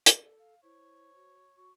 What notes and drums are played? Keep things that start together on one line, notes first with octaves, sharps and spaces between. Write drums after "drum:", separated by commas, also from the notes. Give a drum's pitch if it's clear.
drum: hi-hat
A4 D5
F5
E4 C5 C#5
F#4
F#4 C#6